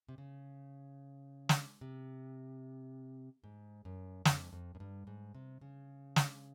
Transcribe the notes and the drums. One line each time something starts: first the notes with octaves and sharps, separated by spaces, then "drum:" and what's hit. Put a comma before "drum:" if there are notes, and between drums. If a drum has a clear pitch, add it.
C3
C#3
drum: snare
C3
G#2
F#2
F2, drum: snare
F2
F#2
G2
G#2
C3
C#3
drum: snare